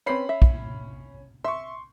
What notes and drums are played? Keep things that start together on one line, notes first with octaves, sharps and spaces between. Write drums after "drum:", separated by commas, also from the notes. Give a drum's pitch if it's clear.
C4 C#4 B4 B5 C7
E5
drum: kick
E5 C6 C#6